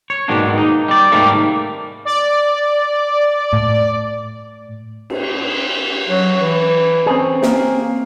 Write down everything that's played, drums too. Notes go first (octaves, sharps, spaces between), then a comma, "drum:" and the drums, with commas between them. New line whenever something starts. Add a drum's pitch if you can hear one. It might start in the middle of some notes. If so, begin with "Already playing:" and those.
C#5
G#2 B2 D#3 A#3 D4
D#4
G3 D5
G#2 C3 D#3 G3 A3 A#3
D5
A2
drum: cymbal
F#3
E3
C4 C#4 G#4
A#3, drum: snare